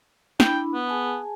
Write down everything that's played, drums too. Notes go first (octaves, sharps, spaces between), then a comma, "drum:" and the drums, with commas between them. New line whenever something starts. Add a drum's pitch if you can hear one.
D4 E4 G5 B5, drum: snare
B3
G#4 G#5 A5